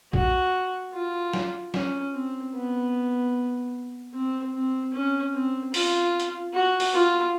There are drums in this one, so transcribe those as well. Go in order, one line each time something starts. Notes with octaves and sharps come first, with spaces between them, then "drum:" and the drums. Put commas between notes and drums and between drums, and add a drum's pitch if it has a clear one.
F#4, drum: kick
F4
drum: snare
C#4, drum: snare
C4
B3
C4
C4
C#4
C4
F4, drum: open hi-hat
drum: hi-hat
F#4
drum: open hi-hat
F4